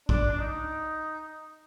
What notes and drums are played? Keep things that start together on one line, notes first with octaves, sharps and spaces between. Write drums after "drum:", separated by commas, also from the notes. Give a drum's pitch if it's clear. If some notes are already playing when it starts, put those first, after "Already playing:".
D4, drum: kick A#1
D4
D#4